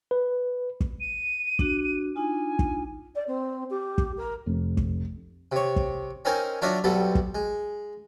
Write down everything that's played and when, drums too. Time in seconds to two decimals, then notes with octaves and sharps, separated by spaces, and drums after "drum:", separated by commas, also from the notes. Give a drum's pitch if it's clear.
0.11 B4
0.80 drum: kick
1.00 D#7
1.59 D4 F#4, drum: kick
2.16 D4 D#4 F4 G#5
2.59 drum: kick
3.15 D5
3.27 C4
3.70 G4
3.98 drum: kick
4.17 A#4
4.46 F1
4.77 drum: kick
5.52 C3 C#5
5.76 drum: kick
6.25 C4 C#4 D#4 A#4 C5 G#5
6.62 F#3 D4 F4 C#5 D#5 E5
6.84 B1 G3 B3 C4 A4
7.15 drum: kick
7.35 G#3